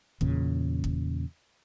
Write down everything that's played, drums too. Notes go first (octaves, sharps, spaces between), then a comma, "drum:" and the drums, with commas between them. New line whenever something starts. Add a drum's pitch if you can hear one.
E2 A#2 C#3, drum: kick
drum: kick